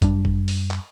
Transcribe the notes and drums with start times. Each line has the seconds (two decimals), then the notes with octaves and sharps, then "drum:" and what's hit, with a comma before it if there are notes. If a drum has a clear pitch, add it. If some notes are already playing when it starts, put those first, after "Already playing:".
0.02 F#2 G3 D4, drum: kick G1, hi-hat
0.25 drum: kick G1
0.48 drum: open hi-hat
0.71 drum: clap